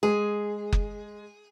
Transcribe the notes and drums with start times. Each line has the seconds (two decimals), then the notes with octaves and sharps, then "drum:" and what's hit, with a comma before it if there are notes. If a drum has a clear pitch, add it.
0.03 G#3 G#4
0.72 drum: kick F#1